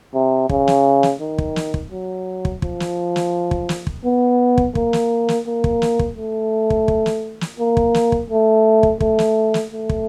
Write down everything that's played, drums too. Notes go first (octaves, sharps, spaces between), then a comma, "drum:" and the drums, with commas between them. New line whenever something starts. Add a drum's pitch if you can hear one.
C3
C#3, drum: kick
drum: snare
drum: snare
D#3
drum: kick
drum: snare
drum: kick
F#3
drum: kick
F3, drum: kick
drum: snare
drum: snare
drum: kick
drum: snare
drum: kick
B3
drum: kick
A#3, drum: kick
drum: snare
drum: snare
A#3
drum: kick
drum: snare
drum: kick
A3
drum: kick
drum: kick
drum: snare
drum: snare
A#3
drum: kick
drum: snare
drum: kick
A3
drum: kick
A3, drum: kick
drum: snare
drum: snare
A3
drum: kick